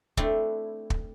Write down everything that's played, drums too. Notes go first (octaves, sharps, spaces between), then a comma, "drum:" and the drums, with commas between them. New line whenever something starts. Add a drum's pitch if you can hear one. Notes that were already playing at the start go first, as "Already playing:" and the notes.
A3 C4 D4 E4, drum: kick
drum: kick